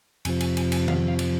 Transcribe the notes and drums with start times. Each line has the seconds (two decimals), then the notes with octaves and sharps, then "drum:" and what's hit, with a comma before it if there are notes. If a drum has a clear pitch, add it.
0.25 F2 C3 F3 G#5, drum: cymbal
0.41 G#5, drum: cymbal
0.57 G#5, drum: cymbal
0.72 G#5, drum: cymbal
0.88 F5, drum: tom D#3
1.08 F5
1.19 drum: cymbal